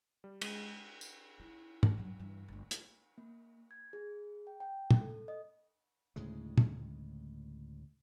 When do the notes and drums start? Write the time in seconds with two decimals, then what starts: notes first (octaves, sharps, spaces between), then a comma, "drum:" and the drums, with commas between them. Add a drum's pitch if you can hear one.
0.24 G3
0.41 G#3, drum: cymbal
1.01 drum: tambourine
1.40 E4
1.83 drum: tom
1.98 G2 F#3
2.20 G2 E3
2.48 G1 A3
2.71 drum: hi-hat
3.18 A#3
3.71 G#6
3.93 G#4
4.47 G5
4.60 G5
4.91 drum: tom
5.01 A4
5.28 D#5
6.16 D2 A2 C#3 G#3
6.58 drum: tom